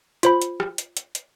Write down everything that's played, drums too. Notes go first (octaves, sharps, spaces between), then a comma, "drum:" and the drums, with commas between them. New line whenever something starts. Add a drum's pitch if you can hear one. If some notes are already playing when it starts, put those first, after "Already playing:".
F4 C5 B5, drum: hi-hat
drum: hi-hat
drum: rim click
drum: hi-hat
drum: hi-hat
drum: hi-hat